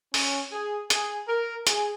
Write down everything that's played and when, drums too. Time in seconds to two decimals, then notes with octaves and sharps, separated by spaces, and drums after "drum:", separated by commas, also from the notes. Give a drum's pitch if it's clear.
0.14 C#4, drum: open hi-hat
0.52 G#4
0.90 G#4, drum: hi-hat
1.28 A#4
1.67 G#4, drum: hi-hat